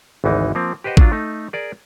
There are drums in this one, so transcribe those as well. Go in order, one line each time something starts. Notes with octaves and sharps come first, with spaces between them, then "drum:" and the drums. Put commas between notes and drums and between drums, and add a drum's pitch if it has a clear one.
G#1 D2 E3 D#4
F3 A#3 C4
G4 B4 C5 D#5 F#5
F#3 D4 F4, drum: kick
A3 D#4
G#4 A#4 D5